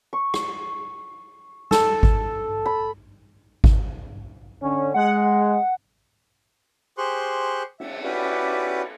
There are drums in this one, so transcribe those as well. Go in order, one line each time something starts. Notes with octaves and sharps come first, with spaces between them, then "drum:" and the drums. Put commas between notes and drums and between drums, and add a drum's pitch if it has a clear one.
C#6
drum: rim click
A4, drum: snare
drum: kick G#1
B5
drum: kick G#1
D3 C#4
G#3 F#5
G4 G#4 C5 C6 C#6 F#6
E5, drum: cymbal
C#4 E4 F#4 G4 B4 D5